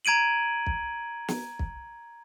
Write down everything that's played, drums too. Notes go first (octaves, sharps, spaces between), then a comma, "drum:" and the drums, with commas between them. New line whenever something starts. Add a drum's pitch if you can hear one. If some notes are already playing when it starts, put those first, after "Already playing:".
A#5 G#6 D7 D#7 F#7
drum: kick
drum: snare
drum: kick